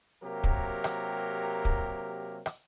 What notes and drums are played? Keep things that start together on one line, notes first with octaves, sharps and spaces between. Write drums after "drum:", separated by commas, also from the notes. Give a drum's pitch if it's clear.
C3 F#3 A#3 G4 A#4
drum: kick
drum: rim click
drum: kick
drum: rim click